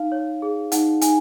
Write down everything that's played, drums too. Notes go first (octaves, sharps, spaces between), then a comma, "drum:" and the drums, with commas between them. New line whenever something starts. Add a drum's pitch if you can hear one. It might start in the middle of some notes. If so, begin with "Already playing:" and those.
Already playing: D#4 F5
C#5
G#4
D#4 F#5, drum: hi-hat
D#4 G#5, drum: hi-hat